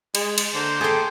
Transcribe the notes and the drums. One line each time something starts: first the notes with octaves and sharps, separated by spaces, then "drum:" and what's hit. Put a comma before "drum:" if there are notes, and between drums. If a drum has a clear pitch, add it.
G#3, drum: cymbal
drum: cymbal
D3 A#3 C5
A3 G#4 G5